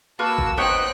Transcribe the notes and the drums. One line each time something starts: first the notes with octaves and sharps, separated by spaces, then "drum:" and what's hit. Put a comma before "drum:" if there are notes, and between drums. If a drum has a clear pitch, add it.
A#3 F#4 B4 A5 E6
drum: kick G1
B3 C4 D#4 C#5 G5 F#6